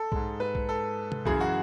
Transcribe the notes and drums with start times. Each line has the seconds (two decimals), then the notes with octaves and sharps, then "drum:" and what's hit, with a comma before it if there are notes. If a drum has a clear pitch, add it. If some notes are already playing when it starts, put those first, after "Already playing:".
Already playing: A4
0.12 G#2 G#3, drum: kick B1
0.40 B4
0.55 drum: kick B1
0.69 A4
1.12 drum: tom C3
1.25 F#2 C#3 E3 G#4, drum: kick B1
1.41 F#4